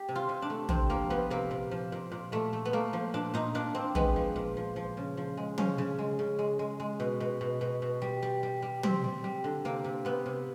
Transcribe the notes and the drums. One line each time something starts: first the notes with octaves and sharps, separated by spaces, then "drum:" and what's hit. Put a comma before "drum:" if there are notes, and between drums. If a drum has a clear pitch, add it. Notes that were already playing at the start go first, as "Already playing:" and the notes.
Already playing: G4
C3
F4
C3
D4
A3
C3 C4, drum: tom
F3 A#3
F3 B3
C3 A#3
A#2
F3
A#2
A#2
A#2 A3
A3
B3
A3 A#3
F3
A#2 D4
A#2 D#4
A#2 D4
A#2 C4
G#3 B3, drum: tom
F3
A#2
F3
F3
C#3
F3
G#3
F3 C#4, drum: tom
C#3
G#3
C#3
G#3
G#3
G#3
B2
B2
B2
B2
B2
G3
G3
G3
G3
G3 C4, drum: tom
G3
G3
D3
C3 A#3
C3
C3 B3
C3